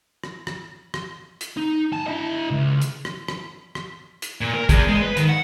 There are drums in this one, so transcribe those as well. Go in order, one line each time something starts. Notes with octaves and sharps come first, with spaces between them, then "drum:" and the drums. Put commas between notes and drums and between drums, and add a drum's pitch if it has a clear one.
drum: rim click
drum: rim click
drum: rim click
drum: hi-hat
D#4
G#5 A5
E4 D#5
C#2
drum: hi-hat
drum: rim click
drum: rim click
drum: rim click
drum: hi-hat
A#2
A#4
E2, drum: kick, hi-hat
G#3
B4
D#3, drum: hi-hat
F#5